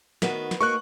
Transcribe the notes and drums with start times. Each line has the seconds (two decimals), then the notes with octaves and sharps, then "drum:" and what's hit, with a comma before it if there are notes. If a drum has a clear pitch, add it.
0.22 D#3 B3 F#4, drum: snare
0.51 drum: snare
0.61 A#3 D#4 F#4 C#6 F#6